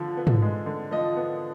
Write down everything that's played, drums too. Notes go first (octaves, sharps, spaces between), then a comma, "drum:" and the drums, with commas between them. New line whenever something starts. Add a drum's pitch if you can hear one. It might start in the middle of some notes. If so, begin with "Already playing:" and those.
Already playing: D3 F3
B3
drum: tom G#2
G#3
D3
F3 D#5
B3